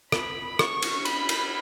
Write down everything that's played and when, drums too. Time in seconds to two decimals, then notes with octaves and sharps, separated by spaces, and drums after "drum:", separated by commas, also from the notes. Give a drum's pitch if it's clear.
0.12 B5, drum: rim click
0.59 C#6, drum: rim click
0.82 drum: cymbal
1.05 B5, drum: cymbal
1.29 drum: cymbal